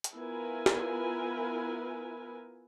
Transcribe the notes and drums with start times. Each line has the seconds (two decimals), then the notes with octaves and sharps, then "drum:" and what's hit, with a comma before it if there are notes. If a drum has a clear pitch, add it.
0.04 drum: hi-hat
0.15 B3 E4 F4 A#4 B4 G#5
0.66 drum: snare